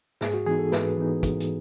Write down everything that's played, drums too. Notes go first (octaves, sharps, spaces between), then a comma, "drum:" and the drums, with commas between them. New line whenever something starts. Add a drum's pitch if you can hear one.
G#2 G#4, drum: snare
F#4
E3 B3 D#4 G#4
A4
G#2 B4, drum: snare
E3 B3 D#4
G#2, drum: kick, hi-hat
drum: hi-hat